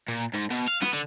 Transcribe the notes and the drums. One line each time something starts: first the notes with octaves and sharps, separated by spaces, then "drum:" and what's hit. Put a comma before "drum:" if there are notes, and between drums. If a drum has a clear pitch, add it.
A#2
G#2, drum: hi-hat
B2, drum: hi-hat
F5
B3, drum: snare
D3